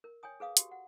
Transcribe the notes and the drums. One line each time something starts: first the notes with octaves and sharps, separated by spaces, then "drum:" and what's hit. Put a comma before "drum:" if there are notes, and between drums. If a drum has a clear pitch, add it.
A#4
C#5 G5 G#5 D#6
G#4 B4 F5 D#6
F#4 G4, drum: hi-hat
F#5